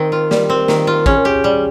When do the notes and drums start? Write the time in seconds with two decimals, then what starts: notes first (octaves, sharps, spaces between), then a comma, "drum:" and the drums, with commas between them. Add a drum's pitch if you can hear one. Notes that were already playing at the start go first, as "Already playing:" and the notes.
Already playing: D#3 C4 A#4
0.12 F4
0.31 G3, drum: snare
0.50 C4
0.68 D#3, drum: snare
0.87 F4
1.06 C#4 G#4, drum: kick
1.16 A#4
1.25 G4 G#4
1.44 G3